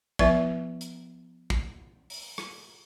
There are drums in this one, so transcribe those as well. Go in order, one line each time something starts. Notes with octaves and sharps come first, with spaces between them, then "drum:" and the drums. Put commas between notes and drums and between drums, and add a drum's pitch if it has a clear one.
F3 B3 E4 B4 E5, drum: kick
drum: hi-hat
drum: kick
drum: open hi-hat
drum: rim click